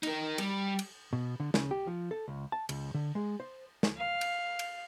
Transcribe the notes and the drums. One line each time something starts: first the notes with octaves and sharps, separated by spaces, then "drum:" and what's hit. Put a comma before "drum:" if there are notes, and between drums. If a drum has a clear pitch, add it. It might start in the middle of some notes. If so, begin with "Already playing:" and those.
D#4 A#4, drum: cymbal
G3, drum: cymbal
drum: cymbal
B2
D3
C#3, drum: snare
G4
F3
A4
C#2
A5
C#2, drum: cymbal
D3
G#3
C5
drum: snare
F5
drum: cymbal
drum: cymbal